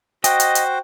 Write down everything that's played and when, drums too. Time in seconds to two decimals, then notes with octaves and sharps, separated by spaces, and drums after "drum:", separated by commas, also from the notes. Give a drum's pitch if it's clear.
0.24 F#4 C5 D#5 G5, drum: hi-hat
0.40 drum: hi-hat
0.55 drum: hi-hat